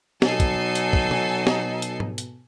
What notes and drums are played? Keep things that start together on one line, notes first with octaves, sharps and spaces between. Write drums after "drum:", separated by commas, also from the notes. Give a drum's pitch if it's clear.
B2 F#3 D#4 A4 G#5 C7, drum: snare
drum: kick, hi-hat
drum: hi-hat
drum: kick
drum: tom B2
drum: snare
drum: hi-hat
drum: tom G#2
drum: hi-hat